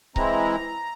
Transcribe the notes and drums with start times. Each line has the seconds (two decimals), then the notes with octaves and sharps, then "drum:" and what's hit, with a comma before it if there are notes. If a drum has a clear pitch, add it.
0.16 E3 G#3 C4 E4 A#5, drum: kick C#1